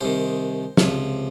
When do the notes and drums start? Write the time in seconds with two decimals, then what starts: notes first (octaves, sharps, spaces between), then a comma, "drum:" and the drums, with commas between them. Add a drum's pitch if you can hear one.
0.01 C2 C3 D#3 C5
0.77 C#2 C3 F3, drum: snare